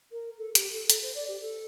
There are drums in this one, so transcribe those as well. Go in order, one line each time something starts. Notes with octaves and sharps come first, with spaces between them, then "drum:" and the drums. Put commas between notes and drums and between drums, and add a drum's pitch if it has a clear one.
A#4
A4
G4, drum: hi-hat
A4
A4, drum: hi-hat
C5
D5
G4
A4